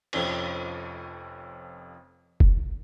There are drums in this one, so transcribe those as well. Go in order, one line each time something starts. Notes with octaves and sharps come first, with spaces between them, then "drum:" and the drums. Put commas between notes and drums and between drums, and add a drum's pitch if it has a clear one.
F1 F2 F3 C#4 C#5, drum: cymbal
drum: kick F1